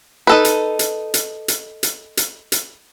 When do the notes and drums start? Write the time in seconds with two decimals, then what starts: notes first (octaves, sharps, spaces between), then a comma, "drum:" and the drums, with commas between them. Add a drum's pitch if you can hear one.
0.27 D#4 A4 B4
0.45 drum: hi-hat
0.79 drum: hi-hat
1.14 drum: hi-hat
1.48 drum: hi-hat
1.83 drum: hi-hat
2.17 drum: hi-hat
2.52 drum: hi-hat